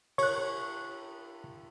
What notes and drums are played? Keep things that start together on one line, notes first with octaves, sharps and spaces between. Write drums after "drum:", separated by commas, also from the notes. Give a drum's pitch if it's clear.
C#5 C#6 F#6, drum: cymbal